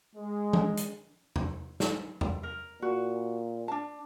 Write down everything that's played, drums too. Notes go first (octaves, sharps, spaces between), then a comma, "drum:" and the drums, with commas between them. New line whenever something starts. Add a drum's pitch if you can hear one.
G#3
drum: tom
drum: hi-hat
drum: tom E2
drum: snare
drum: tom E2
A#4
A#2 F#4
D4 A5